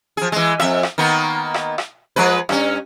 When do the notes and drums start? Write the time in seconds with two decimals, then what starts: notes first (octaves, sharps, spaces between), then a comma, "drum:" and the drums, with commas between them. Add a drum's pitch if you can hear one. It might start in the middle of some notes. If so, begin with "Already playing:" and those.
0.17 F3 G#4
0.32 E3 G#3
0.60 F2 E5, drum: rim click
0.83 drum: rim click
0.98 D#3 A#3 B3
1.54 drum: rim click
1.78 drum: rim click
2.16 F3 G#3 B4
2.49 G2 C#4, drum: rim click